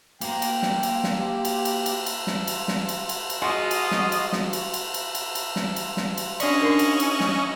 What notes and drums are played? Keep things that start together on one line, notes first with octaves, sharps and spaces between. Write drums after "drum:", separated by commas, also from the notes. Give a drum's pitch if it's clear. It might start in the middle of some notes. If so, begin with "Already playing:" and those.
A#3 G5 A#5, drum: cymbal
drum: cymbal
drum: snare
drum: cymbal
drum: snare
G4
drum: cymbal
drum: cymbal
drum: cymbal
drum: cymbal
drum: snare
drum: cymbal
drum: snare
drum: cymbal
drum: cymbal
drum: cymbal
G#3 F4 F#4 D#5
drum: cymbal
drum: snare
drum: cymbal
drum: snare
drum: cymbal
drum: cymbal
drum: cymbal
drum: cymbal
drum: cymbal
drum: snare
drum: cymbal
drum: snare
drum: cymbal
C#4 D4 D5 D#5 C#6, drum: cymbal
D4 D#4 A#4
drum: cymbal
drum: cymbal
drum: snare